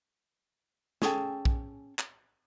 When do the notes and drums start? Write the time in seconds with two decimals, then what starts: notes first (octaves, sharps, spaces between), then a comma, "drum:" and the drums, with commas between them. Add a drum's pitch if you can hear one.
1.02 C#4 G#4 A4 G5, drum: snare
1.45 drum: kick
1.99 drum: clap